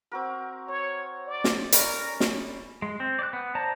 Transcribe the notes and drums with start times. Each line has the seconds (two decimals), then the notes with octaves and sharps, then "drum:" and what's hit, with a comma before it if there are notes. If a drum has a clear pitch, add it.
0.12 C4 F#4 A#4
0.68 C#5 A#5
1.27 D5
1.44 drum: snare
1.72 G3 C#4 A#4, drum: hi-hat
2.20 drum: snare
2.82 G#3
3.00 C4
3.19 D5 F#6
3.33 B3
3.55 C5 D5 A5 A#5